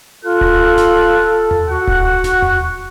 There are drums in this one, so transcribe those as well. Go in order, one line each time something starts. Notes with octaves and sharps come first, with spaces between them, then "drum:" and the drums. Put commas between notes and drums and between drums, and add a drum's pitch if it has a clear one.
F4 A4 F#6
drum: kick D1
drum: snare D1
drum: tom D#2
F#4 F#5
drum: kick D1
drum: snare D1
drum: tom D#2